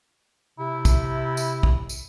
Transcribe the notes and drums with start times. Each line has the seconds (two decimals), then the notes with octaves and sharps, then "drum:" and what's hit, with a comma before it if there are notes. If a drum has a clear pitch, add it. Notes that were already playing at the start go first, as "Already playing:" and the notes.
0.59 C3 E4
0.85 drum: kick, tambourine
1.37 drum: tambourine
1.63 drum: kick
1.89 drum: tambourine